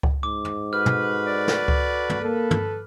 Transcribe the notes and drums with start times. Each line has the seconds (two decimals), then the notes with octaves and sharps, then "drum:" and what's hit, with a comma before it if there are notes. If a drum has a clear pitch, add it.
0.03 drum: kick C#2
0.23 G#2 D6
0.45 drum: tom
0.73 F#4 A4 B4 F6
0.86 drum: tom
1.27 D5
1.48 drum: snare
1.68 drum: kick C#2
2.09 drum: tom
2.22 A#3 A4 B4
2.51 drum: tom